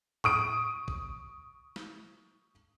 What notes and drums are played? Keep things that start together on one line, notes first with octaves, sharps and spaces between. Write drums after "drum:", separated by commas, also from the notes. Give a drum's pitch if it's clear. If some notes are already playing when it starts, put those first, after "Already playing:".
C#6 D#6 D7, drum: tom A2
drum: kick A1
drum: snare